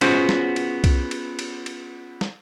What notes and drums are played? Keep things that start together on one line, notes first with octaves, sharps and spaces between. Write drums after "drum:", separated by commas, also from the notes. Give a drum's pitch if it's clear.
B3 C#4 F4 F#4 G#4 C5, drum: cymbal
drum: snare
drum: cymbal
drum: kick C2, cymbal
drum: cymbal
drum: cymbal
drum: cymbal
drum: snare